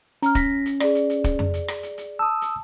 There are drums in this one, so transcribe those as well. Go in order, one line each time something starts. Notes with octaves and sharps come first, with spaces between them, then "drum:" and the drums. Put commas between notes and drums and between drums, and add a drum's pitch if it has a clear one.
C#4 A#5 F6, drum: hi-hat
A#6 B6, drum: kick, hi-hat
drum: hi-hat
G#4 D5, drum: rim click
drum: hi-hat
drum: hi-hat
drum: kick, hi-hat
drum: tom F2
drum: hi-hat
drum: rim click
drum: hi-hat
drum: hi-hat
A5 D#6 E6
drum: hi-hat